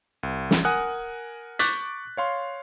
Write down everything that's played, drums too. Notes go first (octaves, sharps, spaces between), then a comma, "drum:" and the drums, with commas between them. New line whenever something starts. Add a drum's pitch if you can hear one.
C2
drum: snare
A#4 F#5 G#5 D#6 F#6
C#6 D6 F#6 G6 A6 B6, drum: hi-hat
C#5 F5 C6